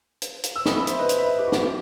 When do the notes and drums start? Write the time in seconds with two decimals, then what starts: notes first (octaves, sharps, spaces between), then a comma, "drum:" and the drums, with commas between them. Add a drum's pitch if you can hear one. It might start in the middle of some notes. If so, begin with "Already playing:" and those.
0.22 drum: hi-hat
0.44 drum: hi-hat
0.56 E6
0.66 B5 D#6, drum: snare
0.76 B5 D#6
0.87 C5 E5, drum: hi-hat
0.98 B4 D#5
1.09 drum: hi-hat
1.18 E5
1.23 B4 D#5
1.38 G4 B4
1.47 F#4
1.52 G4, drum: snare